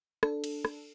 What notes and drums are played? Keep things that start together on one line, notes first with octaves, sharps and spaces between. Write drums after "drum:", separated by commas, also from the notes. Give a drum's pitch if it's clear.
D4 A4, drum: rim click
drum: cymbal
drum: rim click